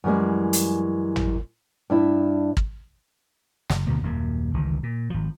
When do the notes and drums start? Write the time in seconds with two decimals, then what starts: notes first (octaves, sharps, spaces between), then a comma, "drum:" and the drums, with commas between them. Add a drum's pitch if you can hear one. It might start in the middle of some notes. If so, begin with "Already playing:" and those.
0.04 F#2 E3 G3 G#3
0.53 drum: hi-hat
1.16 drum: tom
1.90 G2 D4 E4
2.57 drum: kick
3.70 F#1, drum: snare
3.87 D2 B2 D3 A#3
4.02 D#1 F#2 A#3
4.54 G1 C#2 D#3 E3
4.83 A#2
5.10 G#1 F3